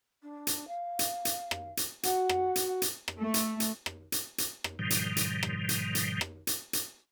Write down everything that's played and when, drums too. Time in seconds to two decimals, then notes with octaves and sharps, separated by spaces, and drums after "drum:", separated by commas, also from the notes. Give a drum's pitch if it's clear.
0.23 D4
0.47 drum: hi-hat
0.68 F5
0.99 drum: hi-hat
1.25 drum: hi-hat
1.51 drum: rim click
1.77 drum: hi-hat
2.03 F#4 F#5, drum: hi-hat
2.29 drum: rim click
2.56 drum: hi-hat
2.82 drum: hi-hat
3.08 drum: rim click
3.18 A3
3.34 drum: hi-hat
3.60 drum: hi-hat
3.86 drum: rim click
4.12 drum: hi-hat
4.38 drum: hi-hat
4.64 drum: rim click
4.79 G#2 B2 D#3 F3 G3
4.90 drum: hi-hat
5.17 drum: hi-hat
5.43 drum: rim click
5.69 drum: hi-hat
5.95 drum: hi-hat
6.21 drum: rim click
6.47 drum: hi-hat
6.73 drum: hi-hat